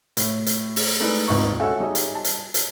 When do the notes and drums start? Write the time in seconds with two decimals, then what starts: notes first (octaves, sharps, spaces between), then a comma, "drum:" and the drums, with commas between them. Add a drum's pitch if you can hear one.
0.17 A2, drum: hi-hat
0.46 drum: hi-hat
0.76 drum: open hi-hat
1.00 G#3 A3 D#4 E4 B4 D5
1.27 D#1 G#1 C#2 D#4 C#6
1.59 C#4 F#4 A4 E5 F#5 G#5
1.80 G3 D#4 G#4 C#5 D#5
1.95 drum: hi-hat
2.15 A5
2.24 drum: hi-hat
2.54 drum: hi-hat